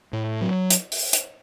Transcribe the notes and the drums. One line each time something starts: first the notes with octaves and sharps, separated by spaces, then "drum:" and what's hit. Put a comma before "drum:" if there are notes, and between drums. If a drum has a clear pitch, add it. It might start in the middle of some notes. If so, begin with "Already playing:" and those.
A2
F#3
drum: hi-hat
drum: open hi-hat
drum: hi-hat